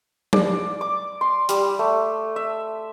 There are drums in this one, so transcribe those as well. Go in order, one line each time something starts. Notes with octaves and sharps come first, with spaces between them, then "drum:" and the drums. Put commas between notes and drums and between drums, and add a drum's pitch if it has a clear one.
D5, drum: tom F#3
D6
C6
G3, drum: hi-hat
A3
E5